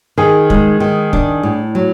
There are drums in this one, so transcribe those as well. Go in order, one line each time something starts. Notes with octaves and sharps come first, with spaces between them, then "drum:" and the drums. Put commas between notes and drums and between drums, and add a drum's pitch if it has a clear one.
D#3 G#4
G#3, drum: kick
D#3
D4, drum: kick
A2
F#3